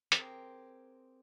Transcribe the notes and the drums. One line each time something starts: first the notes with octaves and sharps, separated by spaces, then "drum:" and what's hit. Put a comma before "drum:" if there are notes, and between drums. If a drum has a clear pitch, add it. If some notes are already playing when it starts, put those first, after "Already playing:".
C4 G4 G#4 A#4 A#5, drum: hi-hat